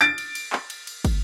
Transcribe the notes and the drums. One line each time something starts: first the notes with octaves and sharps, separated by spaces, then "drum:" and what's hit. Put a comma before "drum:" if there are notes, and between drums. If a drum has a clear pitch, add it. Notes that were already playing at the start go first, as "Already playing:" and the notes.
A6 D7
drum: cymbal
drum: cymbal
drum: clap
drum: cymbal
drum: cymbal
drum: kick, cymbal